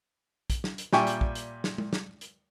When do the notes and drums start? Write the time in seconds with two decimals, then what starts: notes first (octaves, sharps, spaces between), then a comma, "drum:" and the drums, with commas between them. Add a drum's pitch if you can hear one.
0.50 drum: kick, hi-hat
0.64 drum: snare
0.78 drum: hi-hat
0.93 A#2 G3 E5 G5 G#5 C#6, drum: snare
1.07 drum: hi-hat
1.21 drum: kick
1.35 drum: hi-hat
1.64 drum: snare
1.78 drum: tom G#3
1.93 drum: snare
2.21 drum: hi-hat